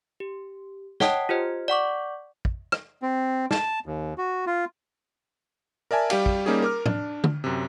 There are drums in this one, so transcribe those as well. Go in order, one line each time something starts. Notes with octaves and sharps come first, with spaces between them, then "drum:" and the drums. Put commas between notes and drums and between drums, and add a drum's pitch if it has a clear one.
G4
C#5 D#5 F#5 G5 A5 D#6, drum: snare
F4 G4 C5 D#5
D5 F#5 C#6 D6
drum: kick
drum: rim click
C4
A5, drum: snare
D#2
F#4
F4
A#4 D5 E5 G#5 A5
G3 G4 F5, drum: cymbal
drum: kick
G3 A#3 C#4 D#4 G4 G#4
A#4 D6 F6
D4, drum: tom A2
drum: tom
F#2 C3